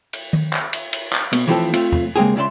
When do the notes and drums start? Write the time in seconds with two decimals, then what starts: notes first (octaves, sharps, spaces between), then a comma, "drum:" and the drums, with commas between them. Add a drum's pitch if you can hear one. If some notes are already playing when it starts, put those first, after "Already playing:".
0.13 drum: cymbal
0.33 drum: tom D#3
0.53 drum: clap
0.73 drum: cymbal
0.93 drum: cymbal
1.13 drum: clap
1.33 B2, drum: cymbal
1.47 E3 F3 A3 C4 G4 A4
1.74 A3 C4 F4, drum: cymbal
1.92 drum: tom E2
2.16 C#3 G#3 A#3 C4 G4 G#4
2.36 C#2 C#3 D5 E5 C6